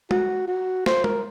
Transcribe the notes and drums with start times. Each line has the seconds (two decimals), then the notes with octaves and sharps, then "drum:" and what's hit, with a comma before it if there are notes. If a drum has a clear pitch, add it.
0.11 F#4, drum: tom
0.48 F#4
0.86 C5, drum: snare
1.04 A#4, drum: tom